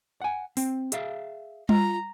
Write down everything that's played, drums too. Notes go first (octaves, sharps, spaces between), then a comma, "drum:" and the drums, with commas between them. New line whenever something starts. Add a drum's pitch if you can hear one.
F#5 G#5
C4, drum: open hi-hat
G#4 E5 F5, drum: hi-hat
F4 A#5, drum: tom G3